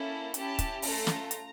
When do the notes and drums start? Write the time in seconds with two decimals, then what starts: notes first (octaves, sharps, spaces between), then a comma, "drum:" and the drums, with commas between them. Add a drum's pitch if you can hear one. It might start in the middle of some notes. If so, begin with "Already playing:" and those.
Already playing: A#3 C#4 E4 A4
0.34 C#4 E4 G4 A5, drum: hi-hat
0.59 drum: kick, hi-hat
0.82 A3 C#4 F4 A4 A#5, drum: open hi-hat
1.07 drum: snare
1.31 drum: hi-hat